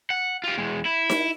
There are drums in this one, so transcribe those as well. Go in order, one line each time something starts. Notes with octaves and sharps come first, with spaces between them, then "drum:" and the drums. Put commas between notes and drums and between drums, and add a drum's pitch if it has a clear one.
F#5
F4 G4
E2 G#3
E4
drum: snare D#4